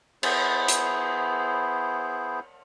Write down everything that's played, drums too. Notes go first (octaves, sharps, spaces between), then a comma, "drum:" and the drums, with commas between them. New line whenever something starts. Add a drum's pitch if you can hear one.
B3 E4 G#4 C5, drum: cymbal
drum: hi-hat